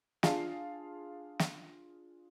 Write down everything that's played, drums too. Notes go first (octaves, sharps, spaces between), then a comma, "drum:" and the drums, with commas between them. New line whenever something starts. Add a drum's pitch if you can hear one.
D4 F4 G#4 F5 A5, drum: snare
drum: snare